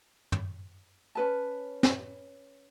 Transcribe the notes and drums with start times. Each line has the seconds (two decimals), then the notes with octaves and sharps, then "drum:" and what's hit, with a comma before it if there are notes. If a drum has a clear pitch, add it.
0.32 drum: tom
1.15 C#4 B4 A5
1.83 drum: snare